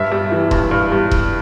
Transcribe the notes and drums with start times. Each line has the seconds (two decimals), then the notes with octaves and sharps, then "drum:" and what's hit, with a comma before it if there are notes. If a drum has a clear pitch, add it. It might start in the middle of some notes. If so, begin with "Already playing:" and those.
Already playing: G2 E5
0.11 G3
0.32 E3
0.51 G2, drum: kick E1
0.71 G2
0.92 G3
1.11 drum: kick E1